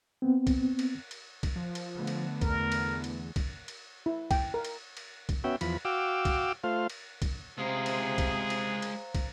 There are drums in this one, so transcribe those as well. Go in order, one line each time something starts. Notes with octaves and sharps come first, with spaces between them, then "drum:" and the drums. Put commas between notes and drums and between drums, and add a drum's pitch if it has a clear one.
B3 C4
drum: kick, cymbal
drum: cymbal
drum: cymbal
drum: kick, cymbal
F3
drum: cymbal
D3 A3 B3
drum: cymbal
E2 A#4, drum: kick, cymbal
drum: cymbal
drum: cymbal
drum: kick, cymbal
drum: cymbal
E4
G5, drum: kick, cymbal
A#4
drum: cymbal
drum: cymbal
drum: kick, cymbal
B3 C#4 F#4 E5 G5
E2 F3 B5, drum: cymbal
F#4 F5 G5 D6 E6
drum: kick, cymbal
A3 F4 C5 F5
drum: cymbal
drum: kick, cymbal
C3 G#3 F4 G#4 C5 F5 A#5
drum: cymbal
drum: kick, cymbal
drum: cymbal
drum: cymbal
drum: kick, cymbal